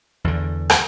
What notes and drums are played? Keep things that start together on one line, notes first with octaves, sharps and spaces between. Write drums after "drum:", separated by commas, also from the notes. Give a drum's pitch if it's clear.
E2 D3
drum: rim click